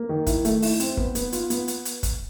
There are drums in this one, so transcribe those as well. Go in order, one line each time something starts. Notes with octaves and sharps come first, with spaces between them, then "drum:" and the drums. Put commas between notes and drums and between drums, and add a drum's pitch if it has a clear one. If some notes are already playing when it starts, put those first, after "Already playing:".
Already playing: A#3
D#3
E4, drum: kick, hi-hat
A3, drum: hi-hat
E4, drum: open hi-hat
C4, drum: hi-hat
B3, drum: kick
B3, drum: hi-hat
F4, drum: hi-hat
B3, drum: hi-hat
drum: hi-hat
drum: hi-hat
drum: kick, hi-hat